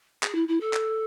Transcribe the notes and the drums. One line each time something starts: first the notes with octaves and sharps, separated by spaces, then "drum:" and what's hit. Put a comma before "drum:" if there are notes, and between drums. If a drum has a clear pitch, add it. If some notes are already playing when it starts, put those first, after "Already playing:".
G#4, drum: clap
E4
E4
A4
drum: clap